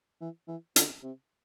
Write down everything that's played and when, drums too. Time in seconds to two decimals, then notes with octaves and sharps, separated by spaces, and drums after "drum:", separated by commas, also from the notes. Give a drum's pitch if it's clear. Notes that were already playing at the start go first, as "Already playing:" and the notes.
0.21 E3
0.48 E3
0.76 D3, drum: hi-hat
1.03 C3